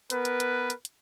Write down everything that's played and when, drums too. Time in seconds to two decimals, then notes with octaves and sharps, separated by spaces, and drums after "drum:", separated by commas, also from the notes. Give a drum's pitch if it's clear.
0.10 B3 A#4 B4, drum: hi-hat
0.25 drum: hi-hat
0.40 drum: hi-hat
0.70 drum: hi-hat
0.85 drum: hi-hat